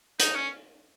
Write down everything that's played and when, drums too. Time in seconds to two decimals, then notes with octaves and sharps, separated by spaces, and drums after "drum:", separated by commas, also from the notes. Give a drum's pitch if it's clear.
0.19 D#4, drum: hi-hat
0.34 C#4